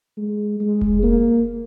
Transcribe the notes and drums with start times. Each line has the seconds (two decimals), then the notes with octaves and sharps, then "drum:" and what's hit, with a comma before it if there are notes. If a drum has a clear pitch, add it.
0.17 G#3
0.60 G#3
0.81 drum: kick F1
1.03 A#3